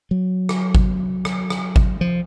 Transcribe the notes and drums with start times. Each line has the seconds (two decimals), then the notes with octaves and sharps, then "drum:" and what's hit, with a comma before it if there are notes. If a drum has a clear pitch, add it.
0.11 F#3
0.49 drum: rim click
0.75 drum: kick G#1
1.25 drum: rim click
1.50 drum: rim click
1.76 drum: kick G#1
2.01 F3